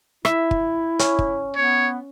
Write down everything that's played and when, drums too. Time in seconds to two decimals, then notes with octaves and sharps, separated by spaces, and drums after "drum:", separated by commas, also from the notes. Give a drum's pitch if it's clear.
0.25 E4 E5, drum: rim click
0.51 drum: kick
0.99 C#4, drum: hi-hat
1.19 drum: kick
1.56 B3 C#5